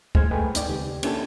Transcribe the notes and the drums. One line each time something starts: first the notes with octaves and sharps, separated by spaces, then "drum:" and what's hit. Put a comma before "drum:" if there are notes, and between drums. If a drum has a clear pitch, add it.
A2 G#3 C5 F6 G#6, drum: kick D2
G#3 A3 A4 B4 G5 G#5
C4 D#4 D5 G5, drum: hi-hat
D#2 C#3 G4
A#3 C#4 D4 E4 G4 A4, drum: cymbal